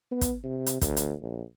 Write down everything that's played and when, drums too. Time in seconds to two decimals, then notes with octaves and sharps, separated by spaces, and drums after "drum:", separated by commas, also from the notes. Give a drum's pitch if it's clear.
0.11 B3
0.21 drum: kick, hi-hat
0.44 C3
0.66 drum: hi-hat
0.81 D2, drum: kick, hi-hat
0.96 drum: hi-hat
1.21 A#1